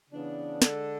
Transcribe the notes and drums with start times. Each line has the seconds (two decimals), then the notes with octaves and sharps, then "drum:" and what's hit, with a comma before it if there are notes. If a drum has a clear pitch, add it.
0.09 C#3 E3 B3 D4
0.62 D3 G#3 D4 A4, drum: snare